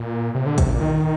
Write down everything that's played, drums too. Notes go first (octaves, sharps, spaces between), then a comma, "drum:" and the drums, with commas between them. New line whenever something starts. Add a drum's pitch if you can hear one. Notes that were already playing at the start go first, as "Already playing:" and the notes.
Already playing: A#2
C3
D3
C3, drum: kick A1, hi-hat
A#2
D#3